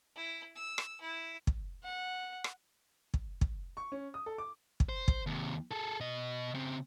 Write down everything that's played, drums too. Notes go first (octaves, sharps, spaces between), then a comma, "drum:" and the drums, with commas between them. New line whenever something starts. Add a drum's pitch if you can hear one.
E4
E6
drum: rim click
E4
drum: kick
F#5
drum: rim click
drum: kick
drum: kick
C#6
C#4
D#6
A4
D6
drum: kick
C5
drum: kick
D#2 C3
G#4 A4
B2 D#5
C#3 C4